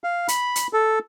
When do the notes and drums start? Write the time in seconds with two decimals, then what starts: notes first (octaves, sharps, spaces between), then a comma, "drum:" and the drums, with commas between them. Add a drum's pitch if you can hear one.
0.04 F5
0.28 B5, drum: hi-hat
0.56 drum: hi-hat
0.73 A4